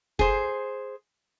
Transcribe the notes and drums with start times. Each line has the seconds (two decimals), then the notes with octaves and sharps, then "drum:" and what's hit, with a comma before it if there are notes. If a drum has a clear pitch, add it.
0.19 G#4 C5, drum: kick